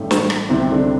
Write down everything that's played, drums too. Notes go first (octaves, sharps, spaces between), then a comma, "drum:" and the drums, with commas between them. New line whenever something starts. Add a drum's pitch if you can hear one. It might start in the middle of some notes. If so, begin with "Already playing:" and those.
Already playing: A1 G2 D#3 A3
drum: snare
drum: rim click
C2 C3 D#3 C4
D3 D4